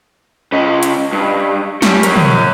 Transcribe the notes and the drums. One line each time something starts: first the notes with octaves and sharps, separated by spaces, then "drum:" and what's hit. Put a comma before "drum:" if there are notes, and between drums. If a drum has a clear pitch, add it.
C#3 D#5
drum: hi-hat
G2
A3 G4, drum: snare
A#4 C#5, drum: hi-hat
drum: tom